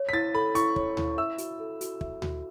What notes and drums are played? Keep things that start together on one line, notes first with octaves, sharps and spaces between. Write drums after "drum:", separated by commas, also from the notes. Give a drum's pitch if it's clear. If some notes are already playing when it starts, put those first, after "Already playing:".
Already playing: C#5
B6
E4 A6
A4 B5
E4 C#6, drum: hi-hat
C#5, drum: kick
E4, drum: tom D2
E5 E6
F#4, drum: hi-hat
A4
F#4, drum: hi-hat
E5, drum: kick
F#4, drum: tom D2